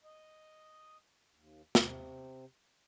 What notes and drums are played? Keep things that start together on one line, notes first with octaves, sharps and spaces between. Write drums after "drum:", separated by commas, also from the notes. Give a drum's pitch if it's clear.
D#5
D#2
C3, drum: snare